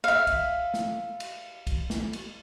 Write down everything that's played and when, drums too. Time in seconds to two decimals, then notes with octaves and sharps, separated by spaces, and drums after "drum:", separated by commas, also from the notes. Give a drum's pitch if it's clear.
0.04 E5 F5
0.27 drum: kick, cymbal
0.74 drum: snare
1.20 drum: cymbal
1.67 drum: kick, cymbal
1.90 drum: snare
2.13 drum: cymbal